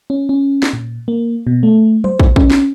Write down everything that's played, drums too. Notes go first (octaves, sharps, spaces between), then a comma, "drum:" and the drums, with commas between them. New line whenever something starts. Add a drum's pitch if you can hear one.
C#4
C#4
drum: snare
A#2
A#3
B2
A3
C5, drum: tom F#3
drum: kick
C#4, drum: kick
drum: snare